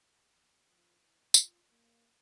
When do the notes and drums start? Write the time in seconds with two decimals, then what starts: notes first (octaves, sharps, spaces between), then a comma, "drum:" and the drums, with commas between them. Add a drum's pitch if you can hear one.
0.66 F3
0.99 E3
1.34 F4, drum: tambourine
1.71 A#3